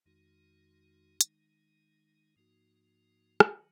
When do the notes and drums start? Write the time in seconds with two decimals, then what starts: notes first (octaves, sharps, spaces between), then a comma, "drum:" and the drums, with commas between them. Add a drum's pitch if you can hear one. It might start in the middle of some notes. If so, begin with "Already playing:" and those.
0.06 F2 D#3 G#3 D#4 F#4
1.21 D#3 G#3 D#4, drum: hi-hat
2.36 G#2 F3 A#3 D#4 F#4
3.40 drum: rim click
3.52 D#3 F#3